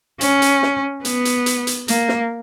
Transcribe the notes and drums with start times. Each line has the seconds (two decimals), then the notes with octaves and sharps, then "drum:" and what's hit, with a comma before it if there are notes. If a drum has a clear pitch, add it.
0.21 C#4, drum: hi-hat
0.42 drum: hi-hat
0.63 drum: snare
1.05 B3, drum: hi-hat
1.25 drum: hi-hat
1.46 drum: hi-hat
1.67 drum: hi-hat
1.88 A#3, drum: hi-hat
2.09 drum: snare